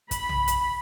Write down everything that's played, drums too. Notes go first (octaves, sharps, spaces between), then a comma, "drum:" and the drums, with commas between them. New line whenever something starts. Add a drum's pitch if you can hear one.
B5, drum: kick, hi-hat
drum: tom B1
drum: hi-hat